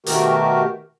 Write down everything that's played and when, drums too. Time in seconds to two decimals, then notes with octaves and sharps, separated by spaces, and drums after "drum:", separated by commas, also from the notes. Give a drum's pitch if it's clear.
0.06 B2 D#3 A3 F#4 G4 A#4, drum: hi-hat